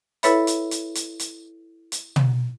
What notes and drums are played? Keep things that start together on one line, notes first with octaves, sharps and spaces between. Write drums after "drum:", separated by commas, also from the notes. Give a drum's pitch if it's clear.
E4 A4 B4 C#5 E5 B5, drum: hi-hat
drum: hi-hat
drum: hi-hat
drum: hi-hat
drum: hi-hat
drum: hi-hat
drum: tom